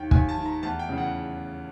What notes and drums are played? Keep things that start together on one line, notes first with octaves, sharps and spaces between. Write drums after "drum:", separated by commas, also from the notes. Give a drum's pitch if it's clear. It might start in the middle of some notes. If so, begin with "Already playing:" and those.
Already playing: D#2 D#3 G5
D#2 G#5, drum: kick
A5
D#3
A#5
E2 A5
G5
C#3 E3
F#5